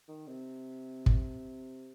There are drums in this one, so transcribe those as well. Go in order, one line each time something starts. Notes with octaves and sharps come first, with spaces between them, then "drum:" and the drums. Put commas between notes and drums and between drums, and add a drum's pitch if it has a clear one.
D#3
C3
drum: kick